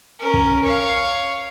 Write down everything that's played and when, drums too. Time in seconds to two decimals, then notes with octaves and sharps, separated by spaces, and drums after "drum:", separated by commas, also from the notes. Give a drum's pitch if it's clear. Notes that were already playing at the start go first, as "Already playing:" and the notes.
0.20 C#4 A#4
0.34 drum: kick
0.64 C#5 F5